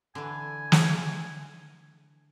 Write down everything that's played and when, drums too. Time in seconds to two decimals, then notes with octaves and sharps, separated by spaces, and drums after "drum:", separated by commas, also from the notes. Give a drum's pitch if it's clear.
0.15 D3 E3 G#5
0.72 drum: snare